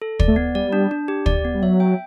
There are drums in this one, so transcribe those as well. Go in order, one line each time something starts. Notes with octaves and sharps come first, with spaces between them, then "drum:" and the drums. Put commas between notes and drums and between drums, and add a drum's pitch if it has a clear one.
A4
D5, drum: kick
A3
B3
G3 D5
D4
D4
G4
D5, drum: kick
B3
G3
F#3 E5
G5